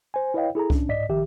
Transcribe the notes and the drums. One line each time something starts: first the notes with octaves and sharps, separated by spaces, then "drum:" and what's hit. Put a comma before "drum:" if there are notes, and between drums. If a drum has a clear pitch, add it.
C5 G#5
E4 B4 C#5 D#5 F5 G5
E4 G#4 A4 A#5
C#4 D4, drum: kick C2
G#2 D5 D#5 B6
A#1 D#3 G4 E5